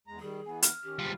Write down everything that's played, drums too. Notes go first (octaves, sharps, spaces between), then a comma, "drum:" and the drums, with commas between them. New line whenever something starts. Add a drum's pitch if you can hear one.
E2 G#3 A#5
D#3 G3 G#4
E3 B3 G#5
F6, drum: hi-hat
D#3 C#4 G4
G2 F3 G3 G#3 F4